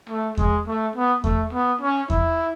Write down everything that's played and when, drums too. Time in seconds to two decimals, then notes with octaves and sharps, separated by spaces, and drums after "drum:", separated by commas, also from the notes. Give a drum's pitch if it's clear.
0.09 A3
0.37 G#3, drum: kick E2
0.67 A3
0.96 B3
1.24 A3, drum: kick E2
1.53 B3
1.81 C#4
2.10 E4, drum: kick E2